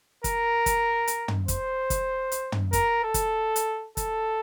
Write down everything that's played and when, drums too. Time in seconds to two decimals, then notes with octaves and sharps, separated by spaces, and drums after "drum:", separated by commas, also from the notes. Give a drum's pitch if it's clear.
0.24 A#4, drum: kick, hi-hat
0.66 drum: kick, hi-hat
1.07 drum: hi-hat
1.28 drum: tom
1.48 C5, drum: kick, hi-hat
1.90 drum: kick, hi-hat
2.32 drum: hi-hat
2.52 drum: tom
2.73 A#4, drum: kick, hi-hat
3.04 A4
3.14 drum: kick, hi-hat
3.56 drum: hi-hat
3.97 A4, drum: kick, hi-hat